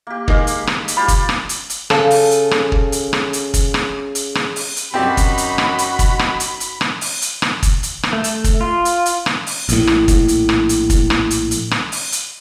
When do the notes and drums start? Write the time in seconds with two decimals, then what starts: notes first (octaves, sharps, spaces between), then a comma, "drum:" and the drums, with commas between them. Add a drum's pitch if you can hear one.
0.07 A#3 G4
0.28 D#3 G#3 F5 D6, drum: kick
0.47 drum: hi-hat
0.67 drum: rim click
0.88 drum: hi-hat
0.97 F4 G4 D5 B5
1.08 drum: kick, hi-hat
1.29 drum: rim click
1.49 drum: hi-hat
1.70 drum: hi-hat
1.90 C#3 A4, drum: rim click
2.11 drum: open hi-hat
2.31 drum: hi-hat
2.51 drum: rim click
2.72 drum: kick
2.92 drum: hi-hat
3.13 drum: rim click
3.33 drum: hi-hat
3.54 drum: kick, hi-hat
3.74 drum: rim click
4.15 drum: hi-hat
4.35 drum: rim click
4.56 drum: open hi-hat
4.76 drum: hi-hat
4.94 F#2 C4 D#4 F#4 G4 D5 B5
5.17 drum: kick, hi-hat
5.38 drum: hi-hat
5.58 drum: rim click
5.79 drum: hi-hat
5.99 drum: kick, hi-hat
6.19 drum: rim click
6.40 drum: hi-hat
6.60 drum: hi-hat
6.81 drum: rim click
7.01 drum: open hi-hat
7.22 drum: hi-hat
7.42 drum: rim click
7.63 drum: kick, hi-hat
7.83 drum: hi-hat
8.03 drum: rim click
8.13 A3
8.24 drum: hi-hat
8.44 drum: kick, hi-hat
8.61 F4
8.85 drum: hi-hat
9.06 drum: hi-hat
9.26 drum: rim click
9.47 drum: open hi-hat
9.69 A#1 A2, drum: hi-hat
9.87 drum: rim click
10.08 drum: kick, hi-hat
10.28 drum: hi-hat
10.49 drum: rim click
10.69 drum: hi-hat
10.90 drum: kick, hi-hat
11.10 drum: rim click
11.31 drum: hi-hat
11.51 drum: hi-hat
11.71 drum: rim click
11.92 drum: open hi-hat
12.12 drum: hi-hat